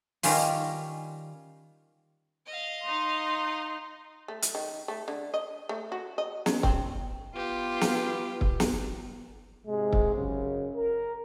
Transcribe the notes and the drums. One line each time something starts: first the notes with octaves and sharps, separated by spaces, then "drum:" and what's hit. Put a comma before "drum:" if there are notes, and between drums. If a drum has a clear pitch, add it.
D#3 G3 C#4 F4, drum: open hi-hat
D#5 F5
D#4 C6
A3
drum: hi-hat
D#3
A3
D3
D#5
A3
F#4
D#5
C#4, drum: snare
C4, drum: kick
B3 F4 G4
drum: snare
drum: kick
drum: snare
G#2 C3 G#3
drum: kick
F#2 C#3
A#4